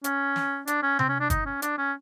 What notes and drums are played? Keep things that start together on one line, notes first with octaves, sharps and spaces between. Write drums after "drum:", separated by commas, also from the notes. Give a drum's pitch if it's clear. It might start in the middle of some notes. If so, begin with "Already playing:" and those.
C#4, drum: hi-hat
drum: snare
D4, drum: hi-hat
C#4
C4, drum: tom C3
C#4
D4
D#4, drum: kick, hi-hat
C#4
D4, drum: hi-hat
C#4